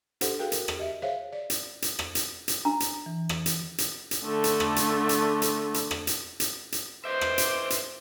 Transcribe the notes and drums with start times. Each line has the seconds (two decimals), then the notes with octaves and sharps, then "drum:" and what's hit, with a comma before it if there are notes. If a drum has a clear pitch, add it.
0.21 D4 G4 A4 C5 F#5, drum: hi-hat
0.39 F#4 G#4 A#4 F5 G5
0.52 drum: hi-hat
0.68 drum: rim click
0.77 G4 D#5 E5
1.02 G#4 C5 C#5 E5 F5
1.32 D5
1.50 drum: hi-hat
1.82 drum: hi-hat
1.99 drum: rim click
2.15 drum: hi-hat
2.48 drum: hi-hat
2.65 D4 A#5
2.80 drum: hi-hat
3.06 E3
3.29 drum: rim click
3.46 drum: hi-hat
3.78 drum: hi-hat
4.11 drum: hi-hat
4.24 D3 A3
4.44 drum: hi-hat
4.60 drum: rim click
4.76 drum: hi-hat
5.09 drum: hi-hat
5.42 drum: hi-hat
5.74 drum: hi-hat
5.91 drum: rim click
6.07 drum: hi-hat
6.40 drum: hi-hat
6.72 drum: hi-hat
7.05 B4 C5 D#5 E5 D6 G6
7.21 drum: rim click
7.38 drum: hi-hat
7.70 drum: hi-hat